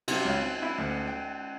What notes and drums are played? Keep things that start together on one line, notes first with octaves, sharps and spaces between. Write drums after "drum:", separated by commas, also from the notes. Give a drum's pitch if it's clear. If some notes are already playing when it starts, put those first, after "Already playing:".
C3, drum: cymbal
C#2
C4
E4
D2
G5